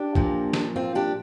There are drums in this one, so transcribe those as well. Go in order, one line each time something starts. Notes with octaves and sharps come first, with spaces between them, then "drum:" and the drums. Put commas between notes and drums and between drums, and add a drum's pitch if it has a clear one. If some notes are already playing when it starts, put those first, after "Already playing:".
Already playing: D4 G4
A#2 F3 A#3, drum: kick A#1
drum: snare
C4 F4
D4 G4